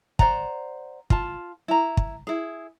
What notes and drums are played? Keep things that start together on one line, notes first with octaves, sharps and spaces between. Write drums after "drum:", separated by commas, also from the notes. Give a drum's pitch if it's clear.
C5 D5 F#5 A#5, drum: kick
F4 A5, drum: kick
E4 A#5
drum: kick
E4 G#4